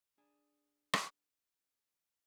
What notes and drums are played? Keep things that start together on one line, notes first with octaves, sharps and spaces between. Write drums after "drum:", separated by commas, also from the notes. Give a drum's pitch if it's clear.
D4 G#4
drum: rim click